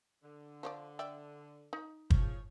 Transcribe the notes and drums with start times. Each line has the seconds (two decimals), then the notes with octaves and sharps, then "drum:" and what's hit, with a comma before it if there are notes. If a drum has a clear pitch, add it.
0.23 D3
0.63 F3 C#5 D5
0.99 D5 E5 G5
1.73 D#4
2.10 F3 G#4 C#5, drum: kick